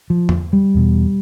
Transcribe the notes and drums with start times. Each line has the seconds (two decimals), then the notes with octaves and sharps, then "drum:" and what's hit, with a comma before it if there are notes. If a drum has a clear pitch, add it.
0.10 F3
0.29 drum: tom E2
0.53 G3
0.74 E2 B2